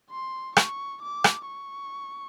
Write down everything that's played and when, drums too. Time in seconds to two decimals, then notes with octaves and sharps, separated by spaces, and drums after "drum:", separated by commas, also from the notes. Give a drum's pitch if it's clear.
0.11 C6
0.57 C#6, drum: rim click
1.02 D6
1.24 drum: rim click
1.47 C#6